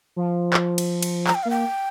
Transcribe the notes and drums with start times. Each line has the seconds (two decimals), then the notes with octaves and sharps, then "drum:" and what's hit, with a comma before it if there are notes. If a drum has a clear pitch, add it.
0.16 F3
0.53 drum: clap
0.78 drum: cymbal
1.03 drum: cymbal
1.27 A#5, drum: clap
1.35 G5
1.43 A#3 F5
1.50 G5